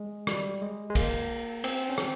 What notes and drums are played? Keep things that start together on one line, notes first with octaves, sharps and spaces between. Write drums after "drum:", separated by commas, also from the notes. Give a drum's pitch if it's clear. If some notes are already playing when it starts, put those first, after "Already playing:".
Already playing: G#3
G3, drum: rim click
G#3
G#3
A#3, drum: kick, cymbal
C4, drum: cymbal
C#4
C4, drum: rim click